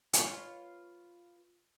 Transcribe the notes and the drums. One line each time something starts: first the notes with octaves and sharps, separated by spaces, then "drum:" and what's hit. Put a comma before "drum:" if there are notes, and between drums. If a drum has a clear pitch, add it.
F4 B4 C#5, drum: hi-hat